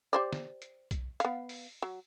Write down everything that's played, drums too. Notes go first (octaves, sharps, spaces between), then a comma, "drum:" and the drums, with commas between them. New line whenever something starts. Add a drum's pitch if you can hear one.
G4 C5 D5
drum: snare
drum: hi-hat
drum: kick B1, hi-hat
B3 F5, drum: hi-hat
drum: open hi-hat
F#3